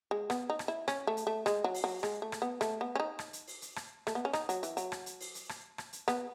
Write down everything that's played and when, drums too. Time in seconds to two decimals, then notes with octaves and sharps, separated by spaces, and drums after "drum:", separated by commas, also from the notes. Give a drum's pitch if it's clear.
0.11 G#3
0.30 B3, drum: rim click
0.50 D#4
0.59 drum: rim click
0.68 E4
0.88 C#4, drum: rim click
1.07 A3
1.17 drum: hi-hat
1.27 A3
1.46 G#3, drum: rim click
1.64 F#3
1.75 drum: open hi-hat
1.84 F#3
2.03 G#3, drum: rim click
2.22 A3
2.32 drum: rim click
2.42 B3
2.61 A3, drum: rim click
2.81 B3
2.95 C#4
3.00 D#4
3.19 drum: rim click
3.33 drum: hi-hat
3.48 drum: open hi-hat
3.62 drum: hi-hat
3.76 drum: rim click
4.07 A3, drum: rim click
4.15 B3
4.25 C#4
4.33 D#4, drum: rim click
4.49 F#3, drum: hi-hat
4.63 E3, drum: hi-hat
4.77 F#3, drum: hi-hat
4.92 drum: rim click
5.06 drum: hi-hat
5.21 drum: open hi-hat
5.35 drum: hi-hat
5.49 drum: rim click
5.78 drum: rim click
5.93 drum: hi-hat
6.08 B3, drum: rim click